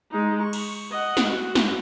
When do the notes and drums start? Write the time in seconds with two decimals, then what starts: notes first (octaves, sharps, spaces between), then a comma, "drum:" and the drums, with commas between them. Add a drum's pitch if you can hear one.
0.12 G#3 D#4
0.43 C#6
0.53 drum: cymbal
0.91 D#5 F#5
1.17 drum: snare
1.27 F#4
1.55 drum: snare